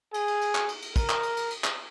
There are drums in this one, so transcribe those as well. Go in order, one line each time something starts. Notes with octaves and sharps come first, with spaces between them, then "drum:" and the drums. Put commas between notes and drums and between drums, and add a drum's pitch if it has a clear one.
G#4, drum: cymbal
drum: cymbal
drum: cymbal
drum: clap
drum: cymbal
drum: cymbal
A#4, drum: kick, cymbal
drum: clap
drum: cymbal
drum: cymbal
drum: cymbal
drum: clap